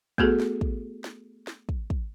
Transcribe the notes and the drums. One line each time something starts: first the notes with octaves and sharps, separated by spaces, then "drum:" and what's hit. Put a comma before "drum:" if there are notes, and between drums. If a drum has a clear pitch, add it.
A3 B3 F#4 G#4 A4, drum: kick
drum: snare
drum: kick
drum: snare
drum: snare
drum: kick
drum: kick